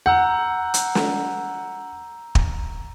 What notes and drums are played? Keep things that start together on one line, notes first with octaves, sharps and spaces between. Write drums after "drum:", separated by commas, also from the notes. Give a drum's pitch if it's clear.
F#5 A#5 E6 G6
drum: hi-hat
drum: snare
drum: kick